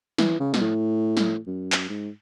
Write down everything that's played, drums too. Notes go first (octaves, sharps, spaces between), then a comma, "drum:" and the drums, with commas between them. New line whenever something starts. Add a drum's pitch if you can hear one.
E3, drum: snare
C#3
B2, drum: snare
A2
drum: snare
F#2
drum: clap
G#2